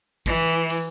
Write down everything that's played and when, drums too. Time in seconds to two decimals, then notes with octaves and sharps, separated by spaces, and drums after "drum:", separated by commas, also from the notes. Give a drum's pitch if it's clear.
0.26 E3, drum: kick, cymbal
0.70 drum: cymbal